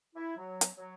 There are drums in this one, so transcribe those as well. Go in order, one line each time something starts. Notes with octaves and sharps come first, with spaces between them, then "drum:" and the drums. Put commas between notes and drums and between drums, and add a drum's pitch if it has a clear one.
E4
F#3
drum: hi-hat
F#3